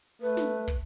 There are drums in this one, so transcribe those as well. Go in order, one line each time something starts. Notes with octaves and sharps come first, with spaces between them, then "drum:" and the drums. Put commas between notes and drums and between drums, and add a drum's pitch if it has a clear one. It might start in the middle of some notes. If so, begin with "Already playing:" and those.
A3 B4
drum: snare
drum: kick, hi-hat